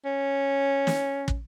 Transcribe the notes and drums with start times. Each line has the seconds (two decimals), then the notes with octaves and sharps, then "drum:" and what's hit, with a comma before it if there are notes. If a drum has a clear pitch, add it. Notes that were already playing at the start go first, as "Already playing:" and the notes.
0.05 C#4
0.87 drum: snare
1.28 drum: kick